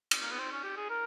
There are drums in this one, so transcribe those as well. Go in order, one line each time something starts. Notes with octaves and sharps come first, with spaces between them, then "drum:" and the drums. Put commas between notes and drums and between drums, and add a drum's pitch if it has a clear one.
drum: cymbal
A#3
B3
C4
C#4
G4
G#4
A#4